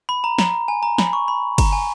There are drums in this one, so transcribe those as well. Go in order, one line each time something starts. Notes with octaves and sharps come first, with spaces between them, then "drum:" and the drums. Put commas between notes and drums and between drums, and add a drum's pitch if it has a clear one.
B5
A#5
A#5, drum: snare
G#5
A#5
B5, drum: snare
C#6
B5
A#5, drum: kick G1, cymbal
G#5